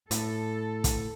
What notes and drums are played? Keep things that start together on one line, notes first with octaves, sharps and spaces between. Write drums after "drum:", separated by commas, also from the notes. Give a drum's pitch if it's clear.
A2 A4, drum: hi-hat
drum: kick, hi-hat